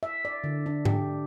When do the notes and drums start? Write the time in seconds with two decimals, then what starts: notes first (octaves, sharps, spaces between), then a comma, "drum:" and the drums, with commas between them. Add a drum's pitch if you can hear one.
0.03 E5
0.25 D5
0.44 D3
0.66 D4
0.85 G4, drum: tom G#2